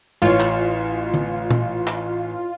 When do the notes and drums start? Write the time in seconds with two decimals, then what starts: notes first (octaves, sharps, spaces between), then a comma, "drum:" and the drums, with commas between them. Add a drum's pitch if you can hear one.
0.22 A1 F4 C#5
0.40 drum: clap
1.14 drum: tom
1.51 drum: tom A#2
1.87 drum: clap